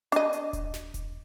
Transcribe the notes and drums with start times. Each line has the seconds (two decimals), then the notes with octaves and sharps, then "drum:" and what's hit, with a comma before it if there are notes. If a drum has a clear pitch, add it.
0.12 D4 D#5, drum: hi-hat
0.33 drum: hi-hat
0.53 drum: kick D#1, hi-hat
0.74 drum: snare
0.94 drum: kick D#1, hi-hat